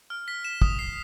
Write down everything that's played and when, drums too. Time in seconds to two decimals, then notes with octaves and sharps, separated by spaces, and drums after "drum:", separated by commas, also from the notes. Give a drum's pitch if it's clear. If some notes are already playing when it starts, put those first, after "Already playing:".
0.10 F6
0.28 B6
0.45 E7
0.62 D#6, drum: kick
0.79 C7